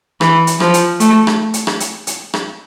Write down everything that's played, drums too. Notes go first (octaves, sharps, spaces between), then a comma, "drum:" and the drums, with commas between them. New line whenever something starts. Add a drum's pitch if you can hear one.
E3, drum: rim click
drum: hi-hat
F3, drum: rim click
drum: hi-hat
A3, drum: hi-hat
drum: rim click
drum: hi-hat
drum: rim click
drum: hi-hat
drum: hi-hat
drum: rim click